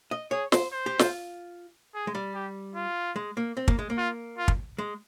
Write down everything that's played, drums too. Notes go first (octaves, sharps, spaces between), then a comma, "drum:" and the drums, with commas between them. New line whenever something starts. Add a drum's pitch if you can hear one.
D#5
G#4 C#5
C5, drum: snare
C5
G4
F4, drum: snare
G#4
G#3
G3
G4
F4
G#3
A#3
C4
A#3, drum: kick
G#3
A#3
F4
F4
drum: kick
G#3